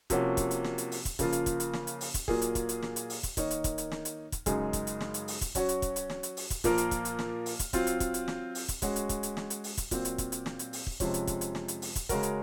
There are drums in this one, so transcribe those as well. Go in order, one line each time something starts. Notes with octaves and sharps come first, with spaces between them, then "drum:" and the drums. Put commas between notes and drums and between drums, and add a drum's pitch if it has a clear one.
C3 F3 A#3 C#4 F#4, drum: kick, hi-hat
drum: kick, hi-hat
drum: hi-hat
drum: snare
drum: hi-hat
drum: open hi-hat
drum: kick, hi-hat
C#3 F3 A#3 F4, drum: kick, hi-hat
drum: hi-hat
drum: kick, hi-hat
drum: hi-hat
drum: snare
drum: hi-hat
drum: open hi-hat
drum: kick, hi-hat
A#2 F#3 A#3 F4 G#4, drum: kick
drum: hi-hat
drum: kick, hi-hat
drum: hi-hat
drum: snare
drum: hi-hat
drum: open hi-hat
drum: kick, hi-hat
D#3 A#3 D#4 A#4 C#5, drum: kick, hi-hat
drum: hi-hat
drum: kick, hi-hat
drum: hi-hat
drum: snare
drum: hi-hat
drum: kick, hi-hat
F#2 C#3 G#3 D#4 G#4, drum: kick, hi-hat
drum: kick, hi-hat
drum: hi-hat
drum: snare
drum: hi-hat
drum: open hi-hat
drum: kick, hi-hat
F#3 C#4 F#4 C#5, drum: kick, hi-hat
drum: hi-hat
drum: kick, hi-hat
drum: hi-hat
drum: snare
drum: hi-hat
drum: open hi-hat
drum: kick, hi-hat
A#2 F3 A#3 F4 A#4, drum: kick, hi-hat
drum: hi-hat
drum: kick, hi-hat
drum: hi-hat
drum: snare
drum: open hi-hat
drum: kick, hi-hat
F#3 C4 F4, drum: kick, hi-hat
drum: hi-hat
drum: kick, hi-hat
drum: hi-hat
drum: snare
drum: open hi-hat
drum: kick, hi-hat
G#3 C#4 F#4, drum: kick, hi-hat
drum: hi-hat
drum: kick, hi-hat
drum: hi-hat
drum: snare
drum: hi-hat
drum: open hi-hat
drum: kick, hi-hat
A#2 F#3 C4, drum: kick, hi-hat
drum: hi-hat
drum: kick, hi-hat
drum: hi-hat
drum: snare
drum: hi-hat
drum: open hi-hat
drum: kick
F2 C3 F3 G#3 C#4, drum: kick, hi-hat
drum: hi-hat
drum: kick, hi-hat
drum: hi-hat
drum: snare
drum: hi-hat
drum: open hi-hat
drum: kick, hi-hat
C#3 G#3 C#4 F#4 A#4, drum: kick, hi-hat
drum: hi-hat